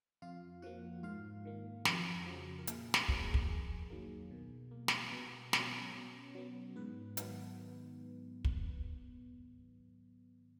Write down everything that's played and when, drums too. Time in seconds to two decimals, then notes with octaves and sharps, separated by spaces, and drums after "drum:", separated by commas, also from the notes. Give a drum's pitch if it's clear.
0.22 F2 F4 F5
0.62 F3 A#3 F#4 F#5
1.03 G#2 F4 F5
1.45 D#3 A#3
1.85 F2 F#4, drum: snare
2.26 C#3 F3
2.59 A#4
2.67 A#2 G#4, drum: hi-hat
2.94 drum: snare
3.08 F#3 A#3, drum: kick
3.34 drum: kick
3.48 F2 G#4
3.90 D#3 F#3 A#3
4.31 B2
4.71 A#3
4.88 drum: snare
5.12 B2 B3 B4
5.53 F#3 B3 C#4 C#5, drum: snare
5.94 B2
6.35 F#3 B3
6.76 G#2 B3 B4
7.17 D#3 F#3 B3, drum: hi-hat
8.45 drum: kick